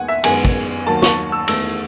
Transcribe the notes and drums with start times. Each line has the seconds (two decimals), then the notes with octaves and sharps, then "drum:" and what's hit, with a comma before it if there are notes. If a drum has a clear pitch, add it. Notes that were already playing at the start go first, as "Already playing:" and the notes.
Already playing: D#2 D#3 G#3 B3 F#5 G#5
0.08 E5
0.24 F#2 D#3 G#3 B3 G#5, drum: cymbal
0.45 drum: kick
0.86 D#2 D#3 F#3 A5
1.02 C#6, drum: snare
1.32 E6
1.48 E2 D#3 A3 E6, drum: cymbal